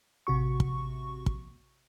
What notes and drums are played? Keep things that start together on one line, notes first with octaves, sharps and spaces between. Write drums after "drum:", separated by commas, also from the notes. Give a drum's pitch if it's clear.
A1 C3 F#4 C#6
drum: kick
drum: kick